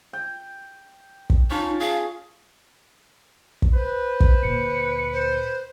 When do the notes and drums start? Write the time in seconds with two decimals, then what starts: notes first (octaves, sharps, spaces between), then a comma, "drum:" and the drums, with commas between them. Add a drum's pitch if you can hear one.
0.13 G5
1.30 drum: kick
1.50 C#4 D#4 F4 A5
1.80 G#4 F5
3.62 drum: kick
3.74 B4 C5
4.20 drum: kick
4.42 D2 A#2 C#7
5.12 C5